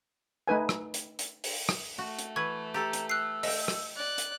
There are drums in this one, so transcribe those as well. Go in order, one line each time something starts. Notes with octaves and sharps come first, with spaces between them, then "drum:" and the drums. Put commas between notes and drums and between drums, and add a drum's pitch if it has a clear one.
A3 D#4 B4 G#5
drum: rim click
drum: hi-hat
drum: hi-hat
drum: open hi-hat
drum: rim click
A3 F#4
drum: hi-hat
E3 B4 C#6 G#6
G4 A4 A#5
drum: hi-hat
E6 F#6 C7
D#5 E5 G5, drum: open hi-hat
drum: rim click
D5 F#6
drum: hi-hat